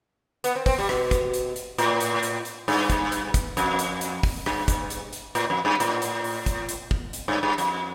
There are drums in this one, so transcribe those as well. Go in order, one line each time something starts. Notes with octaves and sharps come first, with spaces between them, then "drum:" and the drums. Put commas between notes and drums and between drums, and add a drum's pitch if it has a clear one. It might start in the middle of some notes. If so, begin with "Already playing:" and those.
B3, drum: hi-hat
C4
C4, drum: kick, open hi-hat
G3
B2, drum: rim click
drum: kick, hi-hat
drum: hi-hat
drum: hi-hat
A2, drum: hi-hat
drum: hi-hat
drum: hi-hat
drum: hi-hat
G2, drum: open hi-hat
drum: kick, hi-hat
drum: hi-hat
drum: kick, hi-hat
F2, drum: hi-hat
drum: hi-hat
drum: hi-hat
drum: kick, open hi-hat
G2, drum: rim click
drum: kick, hi-hat
drum: hi-hat
drum: hi-hat
A2, drum: hi-hat
F2
G2
A2, drum: hi-hat
drum: hi-hat
drum: open hi-hat
drum: kick, hi-hat
drum: hi-hat
drum: kick
drum: hi-hat
G2
G2
F2, drum: hi-hat